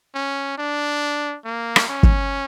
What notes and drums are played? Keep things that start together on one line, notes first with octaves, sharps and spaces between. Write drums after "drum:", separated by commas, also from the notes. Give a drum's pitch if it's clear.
C#4
D4
A#3
drum: rim click
C#4
drum: kick